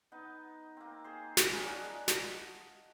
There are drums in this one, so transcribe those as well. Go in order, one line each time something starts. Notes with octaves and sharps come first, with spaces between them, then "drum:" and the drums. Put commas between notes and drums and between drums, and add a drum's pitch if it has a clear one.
B3 D#4
A#3 C4
G#4 C5
drum: snare
F3 G#3 C#4 A#4
D5 D#5 F5 F#5
D#5 A5, drum: snare